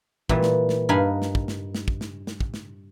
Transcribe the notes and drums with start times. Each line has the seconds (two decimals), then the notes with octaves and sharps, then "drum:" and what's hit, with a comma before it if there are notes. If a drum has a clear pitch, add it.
0.29 A#2 E3 G3, drum: kick
0.43 drum: snare
0.69 drum: snare
0.89 G2 D#4 A#4 F5 G#5 B5
1.22 drum: snare
1.35 drum: kick
1.48 drum: snare
1.75 drum: snare
1.88 drum: kick
2.01 drum: snare
2.27 drum: snare
2.40 drum: kick
2.54 drum: snare